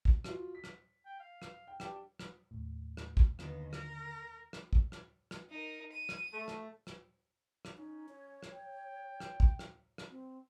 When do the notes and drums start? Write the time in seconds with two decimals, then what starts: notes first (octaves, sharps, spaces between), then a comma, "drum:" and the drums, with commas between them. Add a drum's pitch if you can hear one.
0.05 drum: kick
0.24 F4 F#4, drum: rim click
0.55 B6
0.64 drum: rim click
1.05 G5
1.19 F5
1.42 drum: rim click
1.67 G5
1.80 D4 G4 G5, drum: rim click
2.19 drum: rim click
2.51 D#2 A2
2.97 drum: rim click
3.17 drum: kick
3.39 D#2 D3 B3, drum: rim click
3.73 A#4, drum: rim click
4.53 drum: rim click
4.73 drum: kick
4.92 drum: rim click
5.31 drum: rim click
5.50 D#4 A#4
5.92 D#7
6.09 drum: rim click
6.32 A3
6.48 drum: rim click
6.87 drum: rim click
7.65 drum: rim click
7.77 C#4 D#4
8.09 C#5
8.43 drum: rim click
8.53 G5
9.20 drum: rim click
9.40 drum: kick
9.59 drum: rim click
9.98 drum: rim click
10.10 C4